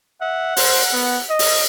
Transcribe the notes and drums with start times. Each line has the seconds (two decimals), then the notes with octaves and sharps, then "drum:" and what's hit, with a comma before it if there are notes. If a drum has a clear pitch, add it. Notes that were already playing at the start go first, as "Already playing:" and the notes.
0.21 E5 F#5
0.57 C5, drum: open hi-hat
0.93 B3
1.30 D#5
1.39 drum: open hi-hat